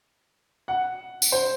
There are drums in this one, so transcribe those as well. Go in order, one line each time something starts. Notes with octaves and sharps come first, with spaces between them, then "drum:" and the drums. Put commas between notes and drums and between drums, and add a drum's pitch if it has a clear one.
F#5
drum: tambourine
C5